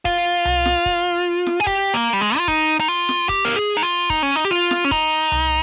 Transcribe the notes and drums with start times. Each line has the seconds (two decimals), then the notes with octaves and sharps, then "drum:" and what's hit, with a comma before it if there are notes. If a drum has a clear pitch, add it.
0.05 F4, drum: kick, hi-hat
0.45 drum: tom C2
0.65 drum: snare
0.86 drum: kick
1.47 drum: snare
1.60 G#4
1.67 G4, drum: kick, hi-hat
1.94 A#3
2.13 G3
2.21 G#3
2.38 F4
2.48 D#4, drum: kick, hi-hat
2.80 D#4
2.88 F4
3.09 drum: snare
3.29 G4, drum: kick, hi-hat
3.45 A#4
3.56 G#4
3.77 D#4
3.83 F4
4.10 D#4, drum: kick, hi-hat
4.23 C#4
4.36 D#4
4.45 G4
4.51 F4
4.71 drum: snare
4.85 C#4
4.91 D#4, drum: kick, hi-hat
5.32 drum: tom C2